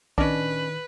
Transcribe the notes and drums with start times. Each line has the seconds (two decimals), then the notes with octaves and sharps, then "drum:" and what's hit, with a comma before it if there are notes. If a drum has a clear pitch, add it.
0.18 D#3 C#4 D4 B4 D#5, drum: kick